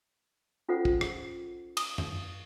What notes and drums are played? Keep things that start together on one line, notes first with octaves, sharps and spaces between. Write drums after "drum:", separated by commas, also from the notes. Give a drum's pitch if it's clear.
C#4 F4 A4 C5 F#5
drum: kick
drum: rim click
D#6, drum: cymbal
drum: tom F#2